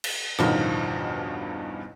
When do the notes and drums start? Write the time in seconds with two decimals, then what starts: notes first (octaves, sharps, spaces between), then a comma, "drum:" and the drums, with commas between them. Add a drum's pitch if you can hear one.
0.04 drum: cymbal
0.39 A1 E2 G2 B2 D#3 F3, drum: rim click